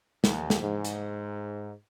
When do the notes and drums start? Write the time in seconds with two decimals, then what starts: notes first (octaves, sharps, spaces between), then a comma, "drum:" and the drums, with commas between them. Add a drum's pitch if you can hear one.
0.24 D#2, drum: snare
0.50 drum: snare
0.60 G#2
0.85 drum: hi-hat